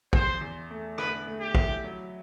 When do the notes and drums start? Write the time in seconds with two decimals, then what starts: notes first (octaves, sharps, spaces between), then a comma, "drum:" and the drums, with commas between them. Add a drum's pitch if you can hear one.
0.13 E2 C5, drum: kick
0.41 E2
0.71 A3
0.98 D3 B4, drum: rim click
1.27 A3
1.40 G4
1.55 E4, drum: kick
1.84 F#3